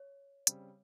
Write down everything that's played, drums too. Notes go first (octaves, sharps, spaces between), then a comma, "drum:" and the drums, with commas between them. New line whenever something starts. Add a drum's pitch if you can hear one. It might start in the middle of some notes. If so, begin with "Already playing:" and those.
Already playing: C#5
C#3 G3 C4, drum: hi-hat